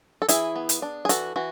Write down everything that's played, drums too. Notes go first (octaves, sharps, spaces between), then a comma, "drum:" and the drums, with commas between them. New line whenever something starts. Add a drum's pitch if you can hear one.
A4
E3 E4 G#4, drum: hi-hat
B3
drum: hi-hat
D4
G#4
E3 F#4 A4, drum: hi-hat
E3 F#4